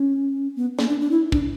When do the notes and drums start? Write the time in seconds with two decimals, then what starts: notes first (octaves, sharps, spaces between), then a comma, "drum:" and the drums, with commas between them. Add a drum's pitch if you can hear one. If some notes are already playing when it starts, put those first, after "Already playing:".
Already playing: C#4
0.56 B3
0.79 A#3, drum: snare
0.89 D4
1.01 D4
1.11 E4
1.32 D4, drum: kick